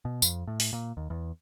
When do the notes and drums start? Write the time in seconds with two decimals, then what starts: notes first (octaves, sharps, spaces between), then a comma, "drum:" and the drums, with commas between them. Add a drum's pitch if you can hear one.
0.05 B2
0.22 F2, drum: tambourine
0.47 A2
0.60 drum: open hi-hat
0.73 A#2
0.97 D#2
1.10 E2